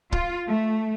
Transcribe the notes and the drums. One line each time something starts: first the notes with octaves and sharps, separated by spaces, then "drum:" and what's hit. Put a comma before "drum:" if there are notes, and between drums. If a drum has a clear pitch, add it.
F4, drum: kick
A3